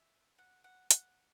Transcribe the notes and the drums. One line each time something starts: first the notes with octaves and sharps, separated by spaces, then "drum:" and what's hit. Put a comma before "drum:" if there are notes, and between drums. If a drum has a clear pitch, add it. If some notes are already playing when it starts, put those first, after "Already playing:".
Already playing: E5
F#5
F#5
F#5, drum: hi-hat